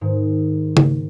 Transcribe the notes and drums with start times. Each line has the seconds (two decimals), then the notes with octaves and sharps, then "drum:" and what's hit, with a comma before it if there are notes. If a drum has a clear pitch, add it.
0.01 G#2 D#3
0.77 drum: tom C#3